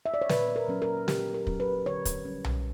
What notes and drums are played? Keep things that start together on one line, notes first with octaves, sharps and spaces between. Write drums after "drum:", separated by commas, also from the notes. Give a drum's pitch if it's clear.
E5
D5
C#5
A#2 B4, drum: snare
A#4
F#3 C#4
A#4
A#2 G4, drum: snare
A#4
F#3 C#4, drum: kick
B4
D3 C#5
drum: kick, hi-hat
G3 C#4
drum: tom B1